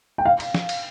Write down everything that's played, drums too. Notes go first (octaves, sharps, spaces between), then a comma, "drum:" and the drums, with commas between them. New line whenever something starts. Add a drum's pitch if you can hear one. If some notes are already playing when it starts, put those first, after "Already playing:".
G5
F5
drum: cymbal
drum: snare
drum: cymbal